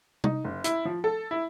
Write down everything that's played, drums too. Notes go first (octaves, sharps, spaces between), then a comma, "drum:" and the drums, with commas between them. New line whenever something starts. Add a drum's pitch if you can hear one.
D#4, drum: tom C3
F#1
E4, drum: hi-hat
F3
A4
E4